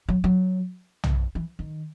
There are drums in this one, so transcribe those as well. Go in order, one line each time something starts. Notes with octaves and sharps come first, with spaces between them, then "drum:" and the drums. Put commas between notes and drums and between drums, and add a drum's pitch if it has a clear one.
F#3
F#3
drum: tom B1
E3
D#3